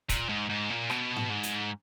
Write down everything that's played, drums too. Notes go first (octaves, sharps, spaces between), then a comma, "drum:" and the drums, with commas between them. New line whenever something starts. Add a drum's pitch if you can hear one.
A#2, drum: kick, hi-hat
G#2
G#2
A#2
B2, drum: rim click
drum: tom G#2
G#2
drum: hi-hat